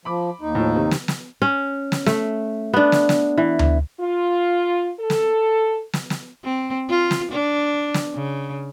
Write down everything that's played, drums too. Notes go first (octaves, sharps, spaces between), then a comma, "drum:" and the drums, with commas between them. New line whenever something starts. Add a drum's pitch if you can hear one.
F3 B5 D6
D#2 D#4
A2 F3
C3 D#3
drum: snare
drum: snare
C#4
drum: snare
A3, drum: snare
B3 D4
drum: snare
drum: snare
E3
drum: tom D2
F4
A4
drum: snare
drum: snare
drum: snare
C4
F4
drum: snare
D4
drum: snare
C#3